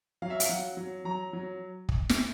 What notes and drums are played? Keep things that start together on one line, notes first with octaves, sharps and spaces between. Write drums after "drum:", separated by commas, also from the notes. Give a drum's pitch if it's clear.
F#3 F5
E5
F5, drum: hi-hat
F#3 F#5
F#3
F#3 A#5
F#3
drum: kick
drum: snare